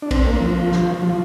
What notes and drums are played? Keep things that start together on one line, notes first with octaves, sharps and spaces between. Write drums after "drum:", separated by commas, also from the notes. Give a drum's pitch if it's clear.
D4
C4, drum: kick A#1, cymbal
A#3
F3
drum: snare
F3